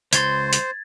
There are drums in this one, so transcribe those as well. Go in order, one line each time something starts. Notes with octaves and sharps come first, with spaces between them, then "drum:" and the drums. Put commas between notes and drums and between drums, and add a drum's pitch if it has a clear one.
C#2 C5 C6 G#6 A6, drum: hi-hat
drum: hi-hat